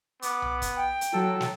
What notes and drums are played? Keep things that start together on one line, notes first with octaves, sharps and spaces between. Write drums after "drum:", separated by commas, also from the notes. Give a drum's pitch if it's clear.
B3 D6, drum: hi-hat
drum: tom B1
drum: kick, hi-hat
G5
drum: hi-hat
F#3 A4
drum: snare